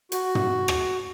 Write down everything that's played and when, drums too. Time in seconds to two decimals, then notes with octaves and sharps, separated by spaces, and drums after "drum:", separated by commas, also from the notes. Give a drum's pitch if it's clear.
0.12 F#4, drum: hi-hat
0.35 drum: tom
0.68 drum: rim click